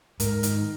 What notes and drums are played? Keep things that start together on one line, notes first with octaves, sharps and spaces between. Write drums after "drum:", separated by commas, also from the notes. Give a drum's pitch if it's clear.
G#2 A#4, drum: hi-hat
D#3, drum: hi-hat